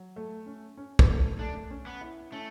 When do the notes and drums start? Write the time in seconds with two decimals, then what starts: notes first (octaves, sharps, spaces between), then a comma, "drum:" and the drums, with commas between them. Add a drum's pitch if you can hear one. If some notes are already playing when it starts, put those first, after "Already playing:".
Already playing: F#3
0.16 A3
0.46 C#4
0.77 C#4
0.99 drum: kick
1.08 A3
1.39 A3 D4
1.71 C#4
1.86 B3
2.01 E4
2.32 A3 C#4